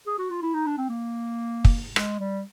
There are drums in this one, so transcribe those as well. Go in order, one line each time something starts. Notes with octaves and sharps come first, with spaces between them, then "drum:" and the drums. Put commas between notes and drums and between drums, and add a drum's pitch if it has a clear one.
G#4
F#4
F4
E4
D#4
D4
C4
A#3
drum: kick
G#3, drum: rim click
G3